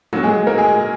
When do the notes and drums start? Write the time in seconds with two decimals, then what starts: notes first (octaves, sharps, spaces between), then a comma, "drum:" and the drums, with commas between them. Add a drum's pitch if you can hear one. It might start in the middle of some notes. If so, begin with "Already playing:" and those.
0.13 A#2 F#3 F#4, drum: tom
0.23 G#3 G#4
0.28 A#2
0.43 G#3 A#3 A#4
0.58 G#3 G#4
0.74 A#2